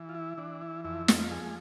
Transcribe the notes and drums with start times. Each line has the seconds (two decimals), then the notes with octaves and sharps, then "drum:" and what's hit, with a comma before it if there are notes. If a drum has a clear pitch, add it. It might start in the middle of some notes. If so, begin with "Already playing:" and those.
Already playing: E3
0.09 F4
0.15 E4
0.37 E3 D4
0.61 E4
0.84 F2 E4
1.08 F4, drum: snare
1.31 F3 G#4